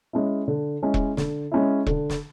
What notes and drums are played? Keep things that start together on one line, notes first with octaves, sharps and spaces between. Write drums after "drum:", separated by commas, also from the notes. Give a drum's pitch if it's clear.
G#3 C#4 E4
D3
G#3 C#4 E4
drum: kick E1
D3, drum: snare
G#3 C#4 E4
D3, drum: kick E1
drum: snare